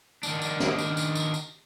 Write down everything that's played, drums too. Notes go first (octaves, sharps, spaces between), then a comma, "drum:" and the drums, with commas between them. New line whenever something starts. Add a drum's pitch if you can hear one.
D#3 D4, drum: tambourine
drum: tambourine
drum: snare
drum: tambourine
drum: tambourine
drum: tambourine
drum: tambourine